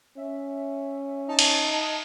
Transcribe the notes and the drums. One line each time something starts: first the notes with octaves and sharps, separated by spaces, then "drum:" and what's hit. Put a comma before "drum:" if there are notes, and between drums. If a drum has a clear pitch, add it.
C#4 E5
D#4 E5 A5
drum: cymbal